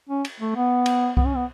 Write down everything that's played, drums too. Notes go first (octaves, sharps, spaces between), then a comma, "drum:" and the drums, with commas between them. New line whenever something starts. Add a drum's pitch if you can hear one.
C#4
drum: cymbal
A3
B3
drum: cymbal
B3, drum: kick C2
C#4
B3